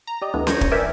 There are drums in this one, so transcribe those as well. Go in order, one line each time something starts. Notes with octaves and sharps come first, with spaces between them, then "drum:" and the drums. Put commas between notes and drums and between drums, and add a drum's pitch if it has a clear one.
A#5
G4 D5 D#5
D2 D3 E3 A3 B3
C#6 G6 G#6 A#6 D#7, drum: snare C#4
drum: kick
A#4 B4 D5 E5 G5 G#5